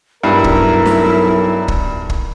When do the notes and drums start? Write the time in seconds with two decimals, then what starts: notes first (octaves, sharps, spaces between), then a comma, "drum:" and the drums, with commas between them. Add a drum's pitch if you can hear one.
0.23 B1 G2 E4 A#4
0.44 drum: kick
0.85 drum: snare
1.68 drum: kick
2.10 drum: kick